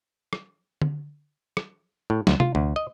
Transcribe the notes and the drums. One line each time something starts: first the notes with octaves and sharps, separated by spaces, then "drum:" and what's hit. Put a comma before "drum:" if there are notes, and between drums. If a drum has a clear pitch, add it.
drum: rim click
drum: tom D3
drum: rim click
A2
D2, drum: snare F#3
F4, drum: tom C3
D2
D#5